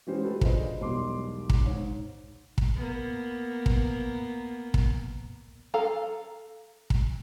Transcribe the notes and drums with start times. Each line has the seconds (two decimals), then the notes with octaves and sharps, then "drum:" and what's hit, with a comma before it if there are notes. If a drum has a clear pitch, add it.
0.07 E3 G#3 C#4 F#4 G4 C5
0.24 A3 F#4 G4 A4 B4
0.41 D4 F4 G#4 B4 C5 D#5, drum: kick
0.81 E1 B1 G3 D#5 C6 D6
1.50 drum: kick
1.66 G#2 C#5
2.58 drum: kick
2.75 A#3 B3
3.66 drum: kick
4.74 drum: kick
5.74 A4 F5 A#5
6.90 drum: kick